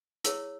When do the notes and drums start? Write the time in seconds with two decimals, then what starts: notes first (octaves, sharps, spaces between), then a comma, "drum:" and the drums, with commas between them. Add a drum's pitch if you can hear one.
0.24 E4 G#4 C#5 E6, drum: hi-hat